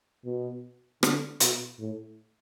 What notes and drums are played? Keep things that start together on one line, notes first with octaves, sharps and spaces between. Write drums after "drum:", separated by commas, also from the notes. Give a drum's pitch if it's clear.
B2
D3, drum: rim click
B2, drum: hi-hat
A2